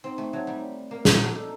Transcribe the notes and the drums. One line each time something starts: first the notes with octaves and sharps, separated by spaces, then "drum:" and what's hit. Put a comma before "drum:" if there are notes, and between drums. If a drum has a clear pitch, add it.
C4 D#4
A3
F#3
G3
A#3 A#4
D4 A4, drum: snare
D4 F#4
D#4 A4